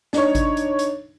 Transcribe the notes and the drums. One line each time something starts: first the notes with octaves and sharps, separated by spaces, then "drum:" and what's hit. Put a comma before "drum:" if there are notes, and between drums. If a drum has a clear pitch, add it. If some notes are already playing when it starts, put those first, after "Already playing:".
D4 D#4 C#5, drum: snare
drum: kick G#1, hi-hat
drum: hi-hat
drum: hi-hat